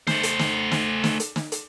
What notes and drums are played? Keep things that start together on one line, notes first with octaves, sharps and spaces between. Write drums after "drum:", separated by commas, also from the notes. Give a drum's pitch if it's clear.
A3 C5, drum: snare
drum: hi-hat
drum: snare
drum: snare
drum: snare
drum: hi-hat
drum: snare
drum: hi-hat